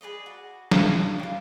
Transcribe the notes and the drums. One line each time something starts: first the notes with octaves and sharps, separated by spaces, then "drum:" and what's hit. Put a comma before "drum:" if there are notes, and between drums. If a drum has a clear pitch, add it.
G#4 B4 D5 D#5
F#4
F4 B4 C#5 G#5, drum: snare
D5
F4 G4